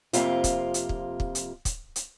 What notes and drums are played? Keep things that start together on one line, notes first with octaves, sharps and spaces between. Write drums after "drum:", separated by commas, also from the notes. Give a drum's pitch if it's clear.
F2 C3 A#3 F4, drum: hi-hat
drum: kick, hi-hat
drum: hi-hat
drum: kick
drum: kick
drum: hi-hat
drum: kick, hi-hat
drum: hi-hat